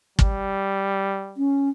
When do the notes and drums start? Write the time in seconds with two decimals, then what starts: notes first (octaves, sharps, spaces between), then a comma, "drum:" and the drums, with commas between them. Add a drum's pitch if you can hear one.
0.19 G3, drum: kick
1.37 C#4